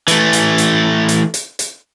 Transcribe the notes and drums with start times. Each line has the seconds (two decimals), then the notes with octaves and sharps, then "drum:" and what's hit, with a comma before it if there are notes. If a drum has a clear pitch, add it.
0.08 E3 A3, drum: hi-hat
0.33 drum: hi-hat
0.58 drum: hi-hat
1.09 drum: hi-hat
1.34 drum: hi-hat
1.59 drum: hi-hat